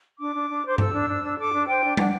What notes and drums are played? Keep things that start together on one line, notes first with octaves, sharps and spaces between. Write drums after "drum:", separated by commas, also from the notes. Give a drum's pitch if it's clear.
D4 D6
D4
D4
C5 D6
A4 E6, drum: tom G2
D4
D4
D4
A4 D6
D4
C5 G5
D4
D4 F#5, drum: tom